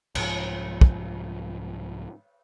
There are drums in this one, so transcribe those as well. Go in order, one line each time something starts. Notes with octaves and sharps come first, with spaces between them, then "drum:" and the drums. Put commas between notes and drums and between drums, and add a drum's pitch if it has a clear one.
C2 G#2 F3, drum: cymbal
drum: kick